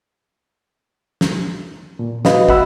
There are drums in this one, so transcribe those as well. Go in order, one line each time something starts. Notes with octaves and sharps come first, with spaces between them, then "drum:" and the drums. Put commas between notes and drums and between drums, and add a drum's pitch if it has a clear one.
drum: snare
A#2
F#4 B4 D#5 F5, drum: snare
F#4 E5 F#5 B5 E6, drum: kick